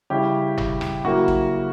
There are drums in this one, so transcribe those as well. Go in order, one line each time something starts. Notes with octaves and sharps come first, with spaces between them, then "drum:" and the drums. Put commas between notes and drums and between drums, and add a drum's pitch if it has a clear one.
C#3 G3 C#4 E4 G4
drum: tom F#1
drum: rim click
C#3 F#3 A#3 E4 F#4
drum: kick